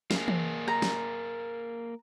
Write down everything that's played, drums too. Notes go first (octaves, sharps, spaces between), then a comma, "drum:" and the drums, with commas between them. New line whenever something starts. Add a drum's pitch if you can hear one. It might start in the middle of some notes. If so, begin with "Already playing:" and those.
A#3 G#4, drum: snare
drum: tom E3
A#5, drum: rim click
drum: snare